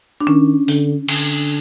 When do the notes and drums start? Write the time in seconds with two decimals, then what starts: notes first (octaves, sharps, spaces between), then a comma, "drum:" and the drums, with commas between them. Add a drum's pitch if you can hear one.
0.20 D4
0.27 D#3 C#4
0.68 D3, drum: open hi-hat
1.08 D3, drum: cymbal